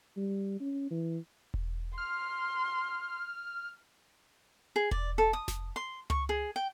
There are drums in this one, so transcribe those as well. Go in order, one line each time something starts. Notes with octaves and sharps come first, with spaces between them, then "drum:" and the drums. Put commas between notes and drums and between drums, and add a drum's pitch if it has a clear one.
G3
C#4
E3
drum: kick E1
C6 F6
G#4
D5, drum: kick E1
A4
D#6
drum: snare F1
C6
C#6, drum: tom C#2
G#4
G5